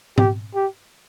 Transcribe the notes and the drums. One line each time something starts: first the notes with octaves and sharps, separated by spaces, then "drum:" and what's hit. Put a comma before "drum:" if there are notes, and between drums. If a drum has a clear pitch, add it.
G4, drum: tom G#2
G4